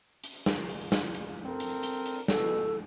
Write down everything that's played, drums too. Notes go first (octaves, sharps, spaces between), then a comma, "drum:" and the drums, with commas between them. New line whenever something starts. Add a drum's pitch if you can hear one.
drum: hi-hat
drum: snare
drum: open hi-hat
drum: snare
drum: hi-hat
C4 A4 A#4
drum: hi-hat
drum: hi-hat
drum: hi-hat
B2 A4, drum: snare